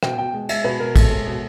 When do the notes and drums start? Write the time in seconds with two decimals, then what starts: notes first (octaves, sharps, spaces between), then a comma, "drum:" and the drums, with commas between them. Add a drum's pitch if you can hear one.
0.03 B2 G5, drum: rim click
0.18 B2 G5
0.33 G#3
0.49 G#3 E5, drum: cymbal
0.64 B2 B4
0.80 B2 A#4
0.96 G#3 A4, drum: kick, cymbal
1.11 G#3
1.27 B2